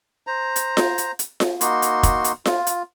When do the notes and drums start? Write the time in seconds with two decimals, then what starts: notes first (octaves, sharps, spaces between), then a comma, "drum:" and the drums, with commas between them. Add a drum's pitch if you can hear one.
0.27 C5 A#5
0.56 drum: hi-hat
0.77 drum: snare F4
0.98 drum: hi-hat
1.19 drum: hi-hat
1.40 drum: snare F4
1.61 A#3 D#4 F#4 C6, drum: hi-hat
1.82 drum: hi-hat
2.03 drum: kick, hi-hat
2.24 drum: hi-hat
2.45 F4, drum: snare F4
2.67 drum: hi-hat